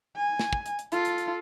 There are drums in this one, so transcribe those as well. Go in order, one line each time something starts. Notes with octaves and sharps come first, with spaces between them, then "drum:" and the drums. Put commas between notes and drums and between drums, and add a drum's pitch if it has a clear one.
G#5
drum: snare
drum: kick
drum: hi-hat
drum: hi-hat
F4 A4, drum: hi-hat
drum: hi-hat
drum: hi-hat